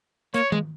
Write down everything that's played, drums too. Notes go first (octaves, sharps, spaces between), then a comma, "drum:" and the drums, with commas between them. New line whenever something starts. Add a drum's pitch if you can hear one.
A#3 C#5, drum: hi-hat
G#3, drum: tom D#3